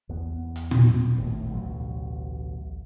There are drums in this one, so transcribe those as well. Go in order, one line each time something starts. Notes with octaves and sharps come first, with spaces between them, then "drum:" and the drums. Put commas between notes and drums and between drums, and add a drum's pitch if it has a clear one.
E2 B3
drum: hi-hat
drum: tom A#2
G#1 D#2 A2
A1 D2 B2 F#3